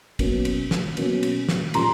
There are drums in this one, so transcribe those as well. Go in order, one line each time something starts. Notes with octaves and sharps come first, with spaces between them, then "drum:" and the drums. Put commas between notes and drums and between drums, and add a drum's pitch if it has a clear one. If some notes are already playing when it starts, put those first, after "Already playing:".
B2 F#3 A#3 C#4, drum: kick, cymbal
drum: cymbal
drum: snare
B2 F#3 A#3 C#4, drum: cymbal
drum: cymbal
drum: snare
A#2 G3 A#3 C#4 A#5 C6, drum: cymbal